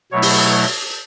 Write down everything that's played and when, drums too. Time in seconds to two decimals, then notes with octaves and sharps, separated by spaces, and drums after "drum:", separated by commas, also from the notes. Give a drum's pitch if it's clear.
0.12 B2 F#3 A3 E4 C#5
0.22 drum: open hi-hat
0.46 C#5